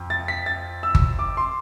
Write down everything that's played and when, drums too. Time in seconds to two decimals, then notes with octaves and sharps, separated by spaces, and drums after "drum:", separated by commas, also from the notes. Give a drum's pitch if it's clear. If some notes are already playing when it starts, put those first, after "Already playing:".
Already playing: F2
0.10 A6
0.28 B6
0.46 A6
0.83 E6
0.95 drum: kick G1
1.19 D6
1.37 C6